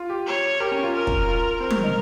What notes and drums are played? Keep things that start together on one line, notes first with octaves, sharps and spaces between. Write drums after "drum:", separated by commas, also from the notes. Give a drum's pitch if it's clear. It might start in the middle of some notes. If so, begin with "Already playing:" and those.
Already playing: F4
G4
C#5
G4 A#4
C#4
F4
A#4
drum: kick
F4
C4 A#4
drum: tom
D#4